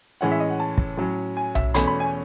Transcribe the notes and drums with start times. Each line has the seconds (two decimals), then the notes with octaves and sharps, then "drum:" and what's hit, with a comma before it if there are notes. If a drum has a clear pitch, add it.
0.21 A2 E3 G#3 C#4 F#5
0.31 E5
0.40 D#5
0.50 F#5
0.60 A5
0.78 drum: kick
0.97 A2 F#3 C#4
1.37 G#5
1.55 E5, drum: tom B1
1.74 E2 B2 A3 C#4 B5, drum: hi-hat
1.87 B5
2.00 G#5